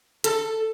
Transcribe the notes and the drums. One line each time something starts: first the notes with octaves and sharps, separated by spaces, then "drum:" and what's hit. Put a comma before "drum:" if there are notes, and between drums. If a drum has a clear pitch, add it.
A4, drum: hi-hat